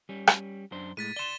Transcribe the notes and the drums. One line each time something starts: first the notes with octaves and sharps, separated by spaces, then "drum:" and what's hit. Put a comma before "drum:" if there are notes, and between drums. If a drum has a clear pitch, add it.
G3 C#4
drum: rim click
F#2 D4 C5
A2 G#3 A6 B6 D#7
D5 C6 E7 G7